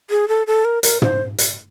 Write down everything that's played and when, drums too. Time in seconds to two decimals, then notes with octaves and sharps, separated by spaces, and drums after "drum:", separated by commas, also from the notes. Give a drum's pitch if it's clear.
0.10 G#4
0.28 A4
0.47 A4
0.65 A#4
0.83 A#4, drum: hi-hat
1.02 C5, drum: tom
1.38 drum: hi-hat